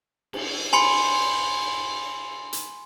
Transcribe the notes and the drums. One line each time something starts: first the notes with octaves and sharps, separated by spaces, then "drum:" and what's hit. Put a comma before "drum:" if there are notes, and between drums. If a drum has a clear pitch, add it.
drum: cymbal
G#5 B5 C6 C#7, drum: cymbal
drum: hi-hat